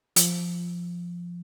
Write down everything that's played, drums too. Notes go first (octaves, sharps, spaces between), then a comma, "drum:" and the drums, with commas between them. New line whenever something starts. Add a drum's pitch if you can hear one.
F3, drum: hi-hat